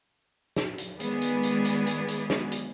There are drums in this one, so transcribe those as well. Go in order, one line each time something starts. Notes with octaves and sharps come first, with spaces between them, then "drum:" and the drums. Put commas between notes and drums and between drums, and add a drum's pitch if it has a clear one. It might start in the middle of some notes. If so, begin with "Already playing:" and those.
drum: snare
drum: hi-hat
D#3 G#3 B3 G#4 B4 D5, drum: hi-hat
drum: hi-hat
drum: hi-hat
drum: hi-hat
drum: hi-hat
drum: hi-hat
drum: snare
drum: hi-hat